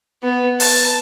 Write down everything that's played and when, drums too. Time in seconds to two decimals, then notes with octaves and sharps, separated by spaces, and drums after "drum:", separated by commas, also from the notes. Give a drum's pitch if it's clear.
0.23 B3
0.60 A5, drum: open hi-hat